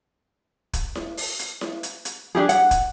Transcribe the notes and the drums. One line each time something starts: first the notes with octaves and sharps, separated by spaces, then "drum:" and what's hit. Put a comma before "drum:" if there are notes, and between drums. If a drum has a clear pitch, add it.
drum: kick, hi-hat
drum: snare E4
drum: open hi-hat
drum: hi-hat
drum: snare E4
drum: hi-hat
drum: hi-hat
D4 D#4 G4 G#4
F#5, drum: hi-hat
drum: kick, hi-hat